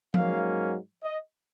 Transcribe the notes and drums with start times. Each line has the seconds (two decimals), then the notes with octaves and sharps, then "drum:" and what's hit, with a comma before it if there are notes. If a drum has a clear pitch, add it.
0.14 G#2 F#3 A#3 C#4 F5, drum: tom F3
1.03 D#5